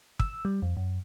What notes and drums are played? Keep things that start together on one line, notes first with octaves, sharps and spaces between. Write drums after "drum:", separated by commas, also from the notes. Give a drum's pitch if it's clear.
E6, drum: kick
G3
F2
F#2